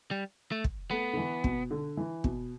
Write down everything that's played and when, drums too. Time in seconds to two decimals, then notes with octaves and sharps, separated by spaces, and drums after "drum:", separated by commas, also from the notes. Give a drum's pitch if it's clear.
0.11 G3
0.52 A3
0.64 drum: kick
0.91 A3 B3
1.13 D3
1.17 E3
1.44 B2, drum: kick
1.71 D3
1.97 E3
2.24 B2, drum: kick